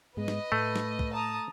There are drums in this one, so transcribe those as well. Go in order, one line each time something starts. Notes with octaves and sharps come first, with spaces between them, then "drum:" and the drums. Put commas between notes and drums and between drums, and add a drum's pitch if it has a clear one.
G#2 G#3 B3 B4 D#5
drum: snare
A2 A3
drum: snare
drum: kick
A5 A#5 D#6